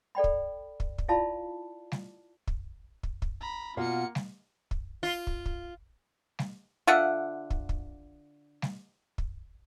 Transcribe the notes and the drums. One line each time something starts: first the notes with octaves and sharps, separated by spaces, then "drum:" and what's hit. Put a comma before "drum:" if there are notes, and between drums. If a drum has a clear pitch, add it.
A4 D5 G5 B5
drum: kick
drum: kick
drum: kick
E4 F4 D5 F5 A5 B5
drum: snare G3
drum: kick
drum: kick
drum: kick
A#5 B5
B2 A#3 F4 F5 F#5 C#7
drum: snare G3
drum: kick
F4
drum: kick
drum: kick
drum: snare G3
D3 F4 E5 F#5
drum: kick
drum: kick
drum: snare G3
drum: kick